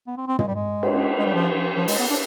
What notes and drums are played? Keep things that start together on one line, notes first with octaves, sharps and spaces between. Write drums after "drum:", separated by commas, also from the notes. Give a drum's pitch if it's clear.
B3
C4
C4
G#3, drum: tom
G3
G#3
drum: cymbal
G#3
G3
F3
F3
F3
G#3, drum: open hi-hat
B3
D4